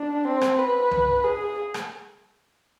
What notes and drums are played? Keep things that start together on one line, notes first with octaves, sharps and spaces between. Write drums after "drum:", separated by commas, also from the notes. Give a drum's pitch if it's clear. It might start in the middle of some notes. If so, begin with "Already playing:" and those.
Already playing: D4
C4
drum: rim click
B4
drum: tom C2
G#4
drum: rim click